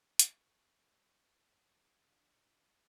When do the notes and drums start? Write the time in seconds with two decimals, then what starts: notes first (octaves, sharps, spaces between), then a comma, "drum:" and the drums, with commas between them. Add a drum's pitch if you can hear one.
0.19 C#6, drum: hi-hat
2.08 A#1 D4